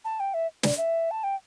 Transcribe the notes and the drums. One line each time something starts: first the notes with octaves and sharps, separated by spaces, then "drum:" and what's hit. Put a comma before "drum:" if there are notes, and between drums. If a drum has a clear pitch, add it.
A5
G5
E5
D5, drum: snare
E5
A5
G5